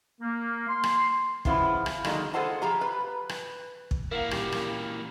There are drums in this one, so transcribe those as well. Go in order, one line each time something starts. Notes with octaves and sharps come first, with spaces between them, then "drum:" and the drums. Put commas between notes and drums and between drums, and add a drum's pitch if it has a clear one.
A#3
C6
drum: rim click
C#3 F3 B3 E4 F4, drum: kick
drum: rim click
D3 D#3 F#3 G#3 A#3, drum: rim click
F4 G#4 A4 C5 F#5 A5
F3 F4 G4 G#5 A#5
B4
drum: rim click
drum: kick
E3 A#3 A#4 F5 F#5
A#2 G3 C#4 G4, drum: rim click
F6, drum: rim click